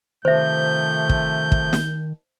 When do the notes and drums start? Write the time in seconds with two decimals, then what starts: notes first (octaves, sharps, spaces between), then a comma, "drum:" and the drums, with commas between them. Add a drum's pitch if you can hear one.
0.25 C3 D#3 F3 A3 C5 E5 G6
1.09 drum: kick
1.52 drum: kick
1.73 drum: snare